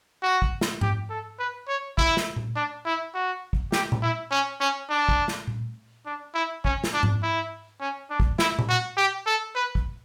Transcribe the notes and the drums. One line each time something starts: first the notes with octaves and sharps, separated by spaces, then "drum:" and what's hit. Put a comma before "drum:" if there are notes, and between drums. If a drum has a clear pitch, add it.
F#4
drum: kick
drum: snare
G4, drum: tom G#2
A4
B4
C#5
E4, drum: kick
drum: snare
drum: tom A#2
D4
E4
F#4
drum: kick
G4, drum: snare
drum: tom A#2
E4
C#4
C#4
D4
drum: kick
drum: snare
drum: tom A#2
D4
E4
C#4, drum: kick
drum: snare
D4
drum: tom G#2
E4
C#4
D4
drum: kick
E4, drum: snare
drum: tom A#2
F#4
G4
A4
B4
drum: kick